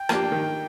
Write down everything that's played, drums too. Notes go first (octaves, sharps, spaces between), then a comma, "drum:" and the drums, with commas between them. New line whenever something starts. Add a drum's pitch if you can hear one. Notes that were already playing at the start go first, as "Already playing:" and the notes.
Already playing: G5
F3 A#3 D4 G4, drum: rim click
D#3